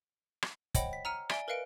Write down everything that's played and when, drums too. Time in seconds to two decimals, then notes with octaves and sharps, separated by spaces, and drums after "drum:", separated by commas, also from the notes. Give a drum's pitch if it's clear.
0.42 drum: rim click
0.74 C5 C#5 D#5 F#5 G5 B5, drum: kick, hi-hat
0.93 B6
1.05 A#5 E6 F6 C#7 D#7
1.30 D5 E5 G#5 D7 G7, drum: rim click
1.48 A#4 B4 D#5 F5 C#7 D7